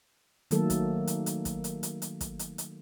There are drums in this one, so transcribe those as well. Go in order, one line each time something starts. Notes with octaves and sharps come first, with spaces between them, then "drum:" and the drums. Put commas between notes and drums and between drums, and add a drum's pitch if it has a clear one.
D#3 F#3 A3 A#3 A4, drum: hi-hat
drum: kick, hi-hat
drum: hi-hat
drum: hi-hat
drum: kick, hi-hat
drum: hi-hat
drum: hi-hat
drum: hi-hat
drum: kick, hi-hat
drum: hi-hat
drum: hi-hat